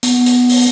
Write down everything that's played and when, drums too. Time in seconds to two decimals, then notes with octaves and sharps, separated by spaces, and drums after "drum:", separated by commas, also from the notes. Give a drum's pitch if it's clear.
0.03 B3, drum: hi-hat
0.26 drum: hi-hat
0.50 drum: open hi-hat